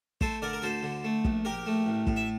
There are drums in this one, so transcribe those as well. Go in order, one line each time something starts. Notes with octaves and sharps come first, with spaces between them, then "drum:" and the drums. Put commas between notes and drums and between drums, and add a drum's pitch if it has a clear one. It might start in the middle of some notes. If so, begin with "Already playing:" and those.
A3 A4 C5, drum: kick
D3 A#4 D5
A#4
D2 A4 C5
D3
A3
A#1, drum: kick
A#1 G4 A#4
A3
A1
A2, drum: kick
E5